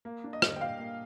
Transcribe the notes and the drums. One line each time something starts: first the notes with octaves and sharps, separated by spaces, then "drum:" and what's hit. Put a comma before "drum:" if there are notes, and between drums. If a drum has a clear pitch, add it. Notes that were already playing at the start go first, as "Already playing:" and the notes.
A#3
D4
D#5
G3, drum: rim click
G5
A#2 F5
A#3